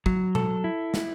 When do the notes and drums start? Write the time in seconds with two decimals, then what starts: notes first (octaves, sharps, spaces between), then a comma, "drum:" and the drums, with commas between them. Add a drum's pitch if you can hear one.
0.06 F#3, drum: kick
0.35 A4, drum: tom B2
0.64 E4
0.94 drum: snare